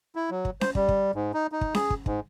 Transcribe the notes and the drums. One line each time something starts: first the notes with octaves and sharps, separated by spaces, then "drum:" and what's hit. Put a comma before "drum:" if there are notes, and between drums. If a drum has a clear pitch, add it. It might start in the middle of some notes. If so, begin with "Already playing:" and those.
E4
F#3
drum: kick
C5, drum: snare C#4
G3, drum: kick
drum: kick
G#2
D#4
D#4
drum: kick
G#4, drum: snare C#4
drum: kick
G#2, drum: kick